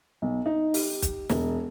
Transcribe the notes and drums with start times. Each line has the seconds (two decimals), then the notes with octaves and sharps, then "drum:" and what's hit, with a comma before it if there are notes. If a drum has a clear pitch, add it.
0.22 B1
0.46 D#4
0.74 G4, drum: open hi-hat
1.02 drum: kick, hi-hat
1.29 E1, drum: snare